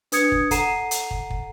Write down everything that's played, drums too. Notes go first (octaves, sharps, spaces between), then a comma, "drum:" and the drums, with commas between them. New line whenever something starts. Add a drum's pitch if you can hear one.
D4 B4 D#6 G#6 C#7, drum: hi-hat
drum: kick
A4 F#5 A#5 C7 D#7 E7, drum: kick, hi-hat
drum: hi-hat
drum: kick
drum: kick